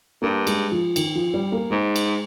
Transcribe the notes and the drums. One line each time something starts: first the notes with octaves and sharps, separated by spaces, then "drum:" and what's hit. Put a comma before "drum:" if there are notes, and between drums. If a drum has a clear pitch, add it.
G2 A#3
G#3, drum: cymbal
F3
D#3, drum: cymbal
F3
G3
A#3
G#2 G#3
drum: cymbal